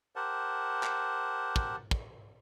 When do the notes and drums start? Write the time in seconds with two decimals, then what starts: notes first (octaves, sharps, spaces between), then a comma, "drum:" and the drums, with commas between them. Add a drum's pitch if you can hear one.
0.16 G4 A#4 C5 F#5 A5
0.83 drum: clap
1.56 drum: kick
1.91 drum: kick